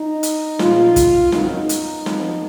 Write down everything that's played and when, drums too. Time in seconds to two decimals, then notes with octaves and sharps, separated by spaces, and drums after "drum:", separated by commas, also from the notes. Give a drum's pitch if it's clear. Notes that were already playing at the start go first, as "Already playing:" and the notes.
Already playing: D#4
0.23 drum: hi-hat
0.59 A#1 A#2 G#3 B3 F4, drum: snare
0.96 drum: kick, hi-hat
1.32 G#1 F#2 D#3 F#3 B3 D#4, drum: snare
1.69 drum: hi-hat
2.06 F2 F3 B3, drum: snare